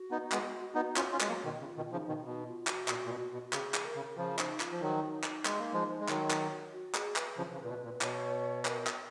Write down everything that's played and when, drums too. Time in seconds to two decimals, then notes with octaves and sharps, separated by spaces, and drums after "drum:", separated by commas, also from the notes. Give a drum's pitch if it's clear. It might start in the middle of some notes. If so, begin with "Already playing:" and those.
Already playing: F#4
0.11 B3 D#4
0.32 G#3 B3, drum: clap
0.75 B3 D#4
0.96 C#4 F4, drum: clap
1.12 C#4 F4
1.20 G#3, drum: clap
1.28 F#3 A#3
1.44 B2 D#3
1.60 C#3 F4
1.77 B2 D#3
1.92 C#3 F3 D#4
2.08 B2 D#3
2.24 B2 D#4
2.46 F4
2.67 F#4, drum: clap
2.88 A#2, drum: clap
3.05 A#2
3.10 B2
3.32 B2
3.53 C#3 G#4, drum: clap
3.74 drum: clap
3.85 A#4
3.95 C#3
4.17 C#3 F3 F4
4.34 F4
4.39 D#4, drum: clap
4.60 F4, drum: clap
4.72 F3
4.81 D#3 F#3 D#4
5.24 drum: clap
5.45 G#3, drum: clap
5.59 A#3
5.73 F3 G#3
6.00 G#3
6.08 D#3 F#3, drum: clap
6.30 drum: clap
6.73 F#4
6.95 G#4, drum: clap
7.16 B4, drum: clap
7.37 C#3 F3
7.53 C#3
7.63 A#2
7.69 B2
7.85 A#2
8.01 B2 C#5, drum: clap
8.65 A#4, drum: clap
8.87 drum: clap